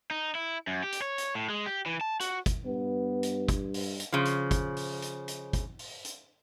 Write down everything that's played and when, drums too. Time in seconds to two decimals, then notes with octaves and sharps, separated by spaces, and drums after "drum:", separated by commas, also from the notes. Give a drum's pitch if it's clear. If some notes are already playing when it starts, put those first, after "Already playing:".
0.11 D#4
0.35 E4
0.67 F#2
0.83 G4
0.92 drum: hi-hat
1.02 C#5
1.18 drum: hi-hat
1.35 A2
1.49 G#3
1.66 G4
1.86 E3
2.01 A5
2.20 F#4, drum: hi-hat
2.46 drum: kick, hi-hat
2.66 G2 B3
3.23 drum: hi-hat
3.49 drum: kick, hi-hat
3.74 drum: open hi-hat
4.00 drum: hi-hat
4.12 C#3 F3
4.25 drum: hi-hat
4.51 drum: kick, hi-hat
4.77 drum: open hi-hat
5.02 drum: hi-hat
5.28 drum: hi-hat
5.53 drum: kick, hi-hat
5.79 drum: open hi-hat
6.05 drum: hi-hat